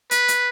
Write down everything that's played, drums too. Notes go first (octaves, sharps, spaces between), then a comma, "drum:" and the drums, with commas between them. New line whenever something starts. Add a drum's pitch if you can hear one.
B4, drum: hi-hat
drum: hi-hat